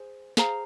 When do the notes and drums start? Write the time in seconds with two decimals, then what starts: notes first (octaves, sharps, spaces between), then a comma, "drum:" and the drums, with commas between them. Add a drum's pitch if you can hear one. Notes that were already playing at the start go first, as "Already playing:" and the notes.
Already playing: G#4 C5
0.37 G#4 C5 F5 A#5, drum: snare